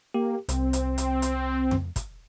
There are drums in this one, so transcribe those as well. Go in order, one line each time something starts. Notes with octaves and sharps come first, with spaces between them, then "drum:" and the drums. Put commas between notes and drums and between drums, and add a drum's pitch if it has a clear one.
A#3 G4
C2 C4, drum: hi-hat
drum: hi-hat
drum: hi-hat
drum: hi-hat
drum: tom F2
drum: kick, hi-hat